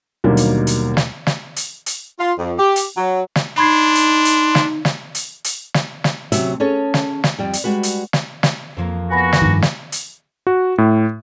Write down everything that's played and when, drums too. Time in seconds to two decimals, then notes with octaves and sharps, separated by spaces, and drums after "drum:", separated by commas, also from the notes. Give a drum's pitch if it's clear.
0.24 D#2 B2 D3 F#3 G3 A#3
0.37 drum: hi-hat
0.67 drum: hi-hat
0.97 drum: snare
1.27 drum: snare
1.56 drum: hi-hat
1.86 drum: hi-hat
2.20 F4
2.39 F2
2.59 G4
2.76 drum: hi-hat
2.98 F#3
3.36 drum: snare
3.58 D4 D#4 B5 C6 G#6 C7
3.95 drum: hi-hat
4.25 drum: hi-hat
4.55 drum: snare
4.85 drum: snare
5.15 drum: hi-hat
5.44 drum: hi-hat
5.74 drum: snare
6.04 drum: snare
6.32 D2 C3 F#3 C#4 F#4 E5, drum: hi-hat
6.60 C#4 G#4 A4 C#5
6.94 drum: snare
7.24 drum: snare
7.38 F2 G3 G5
7.53 drum: hi-hat
7.64 G3 G#3 F#4 B4
7.83 drum: hi-hat
8.13 drum: snare
8.43 drum: snare
8.77 F2 F3 A#3
9.10 B3 F#4 G#5 B5 A#6
9.33 drum: snare
9.42 G2 D#3 D6
9.62 drum: snare
9.92 drum: hi-hat
10.47 F#4
10.78 A2